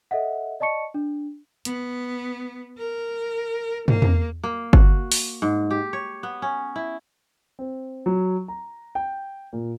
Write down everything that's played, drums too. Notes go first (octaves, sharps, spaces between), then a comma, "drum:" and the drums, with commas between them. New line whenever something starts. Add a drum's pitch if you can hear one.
A4 D#5 E5 F#5
D5 D#5 A5 C#6 C#7
D4
B3, drum: hi-hat
A#4
A#3, drum: tom
drum: tom
A#3
F#4, drum: kick G1
drum: open hi-hat
G#2
G4
C#5
B3
C#4
E4
C4
F#3
A#5
G5
A#2